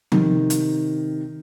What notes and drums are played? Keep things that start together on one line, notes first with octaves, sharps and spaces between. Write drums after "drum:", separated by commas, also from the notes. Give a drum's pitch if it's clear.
C3 D#3, drum: tom F3
drum: hi-hat